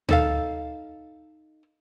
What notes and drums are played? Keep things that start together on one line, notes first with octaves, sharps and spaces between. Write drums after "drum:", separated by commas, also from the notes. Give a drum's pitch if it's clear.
D#4 A4 F5, drum: tom D2